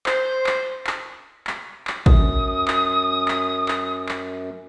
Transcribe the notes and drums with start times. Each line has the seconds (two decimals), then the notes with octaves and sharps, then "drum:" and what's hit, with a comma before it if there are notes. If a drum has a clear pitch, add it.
0.06 C5, drum: clap
0.46 drum: clap
0.87 drum: clap
1.47 drum: clap
1.87 drum: clap
2.06 F#2 D#6, drum: kick
2.68 drum: clap
3.28 drum: clap
3.68 drum: clap
4.09 drum: clap